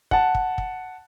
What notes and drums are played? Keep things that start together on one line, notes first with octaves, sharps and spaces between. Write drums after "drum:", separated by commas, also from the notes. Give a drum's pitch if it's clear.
F#5 A5, drum: kick
drum: kick
drum: kick